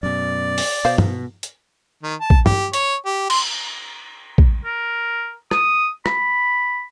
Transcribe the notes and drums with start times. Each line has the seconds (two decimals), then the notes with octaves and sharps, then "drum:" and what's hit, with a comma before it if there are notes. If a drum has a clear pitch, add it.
0.03 F#2 B2 D5
0.58 drum: open hi-hat
0.85 B2 C5 F5
0.98 drum: tom
1.43 drum: hi-hat
2.03 D#3
2.21 A5
2.30 drum: kick
2.46 G4, drum: tom
2.73 C#5, drum: hi-hat
3.06 G4
3.30 C6, drum: cymbal
4.38 drum: kick
4.65 A#4
5.51 D#6, drum: rim click
6.06 B5, drum: rim click